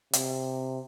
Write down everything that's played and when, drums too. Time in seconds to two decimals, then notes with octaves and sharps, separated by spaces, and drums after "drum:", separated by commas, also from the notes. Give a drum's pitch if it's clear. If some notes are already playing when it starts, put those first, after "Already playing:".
0.13 C3, drum: hi-hat